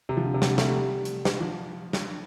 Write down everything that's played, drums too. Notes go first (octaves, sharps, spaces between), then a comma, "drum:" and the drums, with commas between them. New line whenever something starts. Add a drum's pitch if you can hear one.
C3
F3
D3
C3
D3, drum: snare
G3
A3, drum: snare
G3
drum: hi-hat
drum: snare
F3
drum: snare